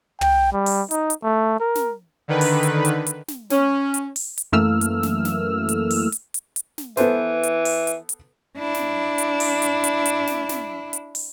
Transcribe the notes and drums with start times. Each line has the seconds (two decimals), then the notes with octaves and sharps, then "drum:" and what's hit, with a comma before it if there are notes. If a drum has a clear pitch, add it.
0.21 G5, drum: tom
0.53 G3
0.66 drum: open hi-hat
0.91 D#4, drum: hi-hat
1.10 drum: hi-hat
1.23 A3
1.60 A#4
1.75 drum: snare
2.28 D3 D#3 B4
2.41 drum: open hi-hat
2.63 drum: hi-hat
2.85 drum: hi-hat
3.06 drum: hi-hat
3.28 drum: snare
3.50 C#4, drum: snare
3.94 drum: hi-hat
4.16 drum: open hi-hat
4.38 drum: hi-hat
4.52 F#2 E3 A3 A#3 E6 F6
4.81 drum: hi-hat
5.03 drum: snare
5.25 drum: snare
5.69 drum: hi-hat
5.90 drum: open hi-hat
6.12 drum: hi-hat
6.34 drum: hi-hat
6.56 drum: hi-hat
6.78 drum: snare
6.97 E3 B3 A4 C5, drum: snare
7.43 drum: hi-hat
7.65 drum: open hi-hat
7.87 drum: hi-hat
8.09 drum: hi-hat
8.57 D4 E4
8.74 drum: snare
9.18 drum: hi-hat
9.40 drum: open hi-hat
9.62 drum: hi-hat
9.84 drum: hi-hat
10.05 drum: hi-hat
10.27 drum: snare
10.49 drum: snare
10.93 drum: hi-hat
11.15 drum: open hi-hat